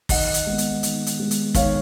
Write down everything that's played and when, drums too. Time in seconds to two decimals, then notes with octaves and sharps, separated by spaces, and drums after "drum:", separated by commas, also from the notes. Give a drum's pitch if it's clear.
0.09 D#3 D#5 F#5, drum: kick, open hi-hat
0.34 drum: hi-hat
0.46 G#3 B3
0.58 drum: hi-hat
0.83 D#3, drum: hi-hat
1.07 drum: hi-hat
1.19 G#3 B3
1.31 drum: hi-hat
1.54 D#3 C#5 F5, drum: kick, hi-hat